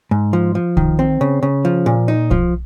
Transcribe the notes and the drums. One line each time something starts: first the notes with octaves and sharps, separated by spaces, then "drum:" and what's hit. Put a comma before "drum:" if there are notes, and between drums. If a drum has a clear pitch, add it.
G#2
F3
F3
D#3, drum: kick
C4
C#3
C#3
F3
A#2
D#4
F3, drum: kick